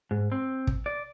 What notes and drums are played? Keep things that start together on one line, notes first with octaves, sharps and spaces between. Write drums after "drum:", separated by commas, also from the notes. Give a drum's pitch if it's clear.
G#2
C4
drum: kick
D5